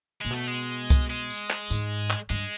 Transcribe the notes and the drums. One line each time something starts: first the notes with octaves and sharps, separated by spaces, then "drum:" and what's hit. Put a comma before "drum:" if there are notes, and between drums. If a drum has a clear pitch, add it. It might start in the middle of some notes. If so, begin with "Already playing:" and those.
A#2 G#3
B2 A3
G#3
drum: kick C2, tambourine
G#3
drum: tambourine
drum: clap
G#2, drum: tambourine
drum: clap
G2 G#3